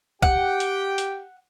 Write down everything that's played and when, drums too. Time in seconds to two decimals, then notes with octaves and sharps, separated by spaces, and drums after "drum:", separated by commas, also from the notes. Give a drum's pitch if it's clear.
0.22 G4 F#5 G5, drum: kick
0.60 drum: hi-hat
0.98 drum: hi-hat